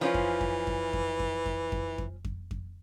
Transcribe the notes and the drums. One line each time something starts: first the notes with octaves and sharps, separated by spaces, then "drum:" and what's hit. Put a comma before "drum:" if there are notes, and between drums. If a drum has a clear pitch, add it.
E3 F3 C#4 F4
drum: kick F2
drum: kick F2
drum: kick F2
drum: kick F2
drum: kick F2
drum: kick F2
drum: kick F2
drum: kick F2
drum: kick F2
drum: kick F2